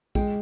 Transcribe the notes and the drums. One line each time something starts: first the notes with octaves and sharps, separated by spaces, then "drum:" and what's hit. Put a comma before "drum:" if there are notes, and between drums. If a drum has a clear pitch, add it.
G#3 G5, drum: kick, tambourine